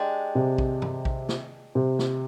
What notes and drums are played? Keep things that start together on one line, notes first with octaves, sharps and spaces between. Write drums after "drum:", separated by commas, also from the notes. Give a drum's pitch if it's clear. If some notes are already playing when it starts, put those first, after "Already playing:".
Already playing: G#3 D4 G4
C3
drum: kick A#1
drum: tom
drum: kick A#1
drum: snare
C3
drum: snare